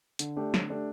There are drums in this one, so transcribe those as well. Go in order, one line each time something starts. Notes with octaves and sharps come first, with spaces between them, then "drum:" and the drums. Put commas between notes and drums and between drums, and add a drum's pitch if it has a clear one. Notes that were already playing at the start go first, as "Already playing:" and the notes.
D3, drum: hi-hat
A3 D4 G4
D3, drum: snare
A3 D4 G4